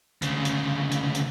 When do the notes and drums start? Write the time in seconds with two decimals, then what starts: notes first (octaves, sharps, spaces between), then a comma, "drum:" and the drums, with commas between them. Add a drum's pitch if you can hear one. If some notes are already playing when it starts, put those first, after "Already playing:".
0.22 D2 C#3, drum: hi-hat
0.45 drum: hi-hat
0.92 drum: hi-hat
1.15 drum: hi-hat